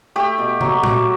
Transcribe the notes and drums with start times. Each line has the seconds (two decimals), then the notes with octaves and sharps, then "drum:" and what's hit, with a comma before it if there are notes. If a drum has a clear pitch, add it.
0.16 A3 G4
0.38 B2
0.61 F#3, drum: tom
0.84 A3, drum: tom A#2